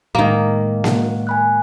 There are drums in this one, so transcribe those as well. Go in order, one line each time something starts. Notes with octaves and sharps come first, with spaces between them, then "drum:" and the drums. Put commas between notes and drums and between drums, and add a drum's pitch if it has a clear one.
A2 D#3 G#3 A#3
F#5, drum: snare A#3
G#5 B5 F#6